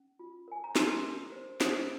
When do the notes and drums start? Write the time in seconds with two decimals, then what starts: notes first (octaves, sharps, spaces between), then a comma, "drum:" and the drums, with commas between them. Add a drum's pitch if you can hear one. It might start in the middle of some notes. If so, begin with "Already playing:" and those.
Already playing: C#4
0.19 F4
0.48 A#4 G#5
0.64 A#5
0.76 G4 C6, drum: snare
1.04 A#4
1.32 C5
1.61 C5, drum: snare